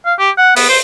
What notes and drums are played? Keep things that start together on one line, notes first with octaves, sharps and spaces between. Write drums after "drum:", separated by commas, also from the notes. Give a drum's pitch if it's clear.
F5
G4
F#5
B3, drum: open hi-hat
C5